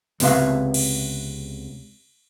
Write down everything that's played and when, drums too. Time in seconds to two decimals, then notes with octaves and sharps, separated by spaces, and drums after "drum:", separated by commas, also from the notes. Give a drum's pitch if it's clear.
0.20 C#2 C3 B3 E5 F5, drum: open hi-hat
0.74 drum: cymbal